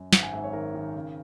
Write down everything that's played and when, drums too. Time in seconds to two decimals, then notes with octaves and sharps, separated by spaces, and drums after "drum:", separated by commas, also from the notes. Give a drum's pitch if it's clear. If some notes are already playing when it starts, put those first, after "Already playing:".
Already playing: F#2
0.13 G#1 F#5, drum: snare
0.23 G#5
0.33 G#2 E5
0.44 C#5
0.53 D#3 A#4
0.74 D#3
0.95 C#3